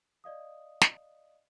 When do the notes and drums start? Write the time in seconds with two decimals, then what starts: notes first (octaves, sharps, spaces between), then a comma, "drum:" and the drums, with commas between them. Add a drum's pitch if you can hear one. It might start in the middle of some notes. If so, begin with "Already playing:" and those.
0.24 D5 D#5 F5 D#6
0.81 drum: snare